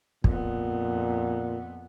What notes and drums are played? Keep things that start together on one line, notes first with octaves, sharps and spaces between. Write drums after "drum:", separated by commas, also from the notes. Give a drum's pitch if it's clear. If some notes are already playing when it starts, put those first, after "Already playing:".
F2 A#2 B3, drum: kick